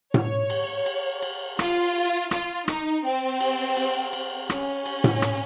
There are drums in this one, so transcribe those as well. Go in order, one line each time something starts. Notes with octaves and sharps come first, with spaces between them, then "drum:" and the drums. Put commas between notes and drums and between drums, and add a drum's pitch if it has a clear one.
C#5, drum: tom A2
drum: cymbal
drum: cymbal
drum: cymbal
F4, drum: rim click
F4, drum: rim click
D#4, drum: rim click
C4
drum: cymbal
drum: cymbal
drum: cymbal
C#4, drum: rim click
drum: cymbal
drum: tom A2
drum: rim click